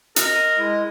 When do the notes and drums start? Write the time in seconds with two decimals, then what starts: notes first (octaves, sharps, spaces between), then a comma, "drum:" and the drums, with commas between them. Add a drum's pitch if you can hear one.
0.16 A#4 D#5, drum: hi-hat
0.57 G#3 E4